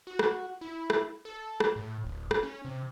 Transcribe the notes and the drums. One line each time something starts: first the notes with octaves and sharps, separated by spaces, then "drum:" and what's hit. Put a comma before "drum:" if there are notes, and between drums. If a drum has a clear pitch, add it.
F#4
drum: rim click
E4
drum: rim click
A4
drum: rim click
A2
D1
drum: rim click
C#4
C3